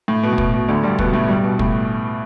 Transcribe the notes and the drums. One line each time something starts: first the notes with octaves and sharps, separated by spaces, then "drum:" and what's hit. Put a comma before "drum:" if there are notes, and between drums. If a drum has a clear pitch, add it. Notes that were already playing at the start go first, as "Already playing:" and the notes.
A2
B2
A2
B2, drum: kick
B2
D2 D3
G2 G3
B2 B3, drum: kick
A2 A3
G2 G3
B2
A2, drum: kick